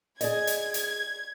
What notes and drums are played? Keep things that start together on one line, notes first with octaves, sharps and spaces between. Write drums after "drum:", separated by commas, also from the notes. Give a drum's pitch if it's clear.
G#4 D5 D#5 G#6, drum: hi-hat
drum: hi-hat
drum: hi-hat